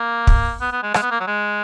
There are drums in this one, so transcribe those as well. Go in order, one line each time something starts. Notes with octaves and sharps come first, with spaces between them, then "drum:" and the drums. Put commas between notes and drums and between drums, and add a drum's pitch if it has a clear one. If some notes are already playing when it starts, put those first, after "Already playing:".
Already playing: A#3
drum: kick
B3
B3
G#3
G#3, drum: rim click
B3
A#3
F#3
G#3